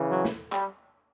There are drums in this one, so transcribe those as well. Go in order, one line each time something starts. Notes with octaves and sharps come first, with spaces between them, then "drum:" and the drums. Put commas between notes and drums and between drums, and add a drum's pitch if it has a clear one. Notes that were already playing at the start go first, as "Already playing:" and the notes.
Already playing: C#3 E3
F#3
drum: snare
G3, drum: clap